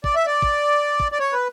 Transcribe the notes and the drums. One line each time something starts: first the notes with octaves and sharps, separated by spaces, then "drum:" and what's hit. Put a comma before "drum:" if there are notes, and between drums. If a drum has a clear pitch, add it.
D5, drum: kick
E5
D5
drum: kick
drum: kick
D5
C#5
B4